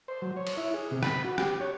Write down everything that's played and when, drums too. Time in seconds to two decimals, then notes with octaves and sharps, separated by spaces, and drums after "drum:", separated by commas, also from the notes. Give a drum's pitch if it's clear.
0.08 C5
0.22 F#3
0.36 C#5
0.47 drum: cymbal
0.57 E4
0.74 G#4
0.91 C3
1.03 B5, drum: rim click
1.24 F#4
1.38 G4, drum: rim click
1.60 C#5